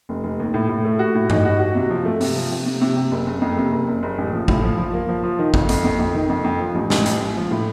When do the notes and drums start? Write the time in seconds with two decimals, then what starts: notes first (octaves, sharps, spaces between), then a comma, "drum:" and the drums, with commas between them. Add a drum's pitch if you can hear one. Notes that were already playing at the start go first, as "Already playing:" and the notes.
0.09 F1
0.24 F1
0.40 D#2
0.54 A2
0.69 A2
0.85 A3
0.99 F#4
1.15 A2
1.30 D#4, drum: tom G2
1.45 F#4
1.60 F#4
1.75 C3
1.90 F3
2.05 A3
2.21 C3, drum: open hi-hat
2.36 F3
2.51 C3
2.66 C3
2.81 C3
2.97 C3
3.11 F#1
3.27 F#1
3.42 F2
3.57 C3
3.72 F#1
3.87 F#1
4.03 F#1
4.18 A1
4.33 F3
4.48 A2, drum: kick
4.63 F3
4.78 F3
4.93 A#3
5.08 F3
5.23 F3
5.39 D#3
5.54 F2, drum: kick
5.69 F2, drum: hi-hat
5.84 F2
5.99 F2
6.14 D#3
6.29 F2
6.44 F2
6.60 F3
6.75 A1
6.90 A1, drum: snare
7.06 A1, drum: hi-hat
7.21 A1
7.36 F3
7.51 A2